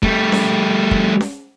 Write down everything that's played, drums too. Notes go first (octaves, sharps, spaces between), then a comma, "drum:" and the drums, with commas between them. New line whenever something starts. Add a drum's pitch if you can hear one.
G3 A3, drum: kick
drum: snare C#4
drum: kick
drum: snare C#4